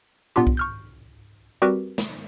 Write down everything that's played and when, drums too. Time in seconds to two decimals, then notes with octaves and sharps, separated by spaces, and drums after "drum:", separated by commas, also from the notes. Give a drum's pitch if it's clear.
0.36 A#2 B3 D4 F4 G4
0.47 drum: kick B1
0.57 C#6 F6 G6
1.62 G3 C4 F#4 G4 A#4 B4
1.98 drum: snare